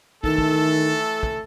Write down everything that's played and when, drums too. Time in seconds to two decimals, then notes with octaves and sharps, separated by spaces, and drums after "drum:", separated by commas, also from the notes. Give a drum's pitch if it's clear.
0.24 D#3 E3 A3 A4, drum: kick
0.38 drum: kick
1.23 drum: kick